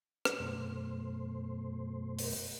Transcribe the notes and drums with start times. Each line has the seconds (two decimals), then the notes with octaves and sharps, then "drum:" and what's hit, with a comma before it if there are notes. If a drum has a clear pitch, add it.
0.25 drum: rim click
0.40 F#2 B2 A3 C5
2.19 drum: open hi-hat